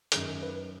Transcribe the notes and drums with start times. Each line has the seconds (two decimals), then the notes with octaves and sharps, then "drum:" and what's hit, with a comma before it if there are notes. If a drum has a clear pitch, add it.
0.12 F#2 D#3 G#4, drum: hi-hat
0.43 B4